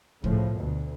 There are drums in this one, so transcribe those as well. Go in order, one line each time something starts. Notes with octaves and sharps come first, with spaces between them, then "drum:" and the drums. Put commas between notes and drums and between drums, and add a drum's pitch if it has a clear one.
A2 C#3 F3, drum: kick
D2 B2